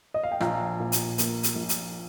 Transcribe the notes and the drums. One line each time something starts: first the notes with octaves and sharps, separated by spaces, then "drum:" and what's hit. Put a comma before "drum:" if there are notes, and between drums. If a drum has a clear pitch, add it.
D#5
F5
G5
A#1 F5 A#5, drum: rim click
A#2
drum: hi-hat
A#3, drum: hi-hat
drum: hi-hat
A#1
drum: hi-hat